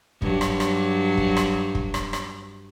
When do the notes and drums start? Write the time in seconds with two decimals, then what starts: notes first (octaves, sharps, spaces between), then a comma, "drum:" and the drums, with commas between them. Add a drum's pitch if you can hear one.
0.22 G2 F#3, drum: kick
0.41 drum: rim click
0.60 drum: rim click
1.17 drum: kick
1.37 drum: rim click
1.75 drum: kick
1.94 drum: rim click
2.13 drum: rim click